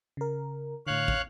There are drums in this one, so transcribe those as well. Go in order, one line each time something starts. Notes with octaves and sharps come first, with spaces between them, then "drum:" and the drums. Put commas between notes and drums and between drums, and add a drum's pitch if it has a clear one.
C#3 A#4
A2 D3 C#5 F5 F#6
drum: kick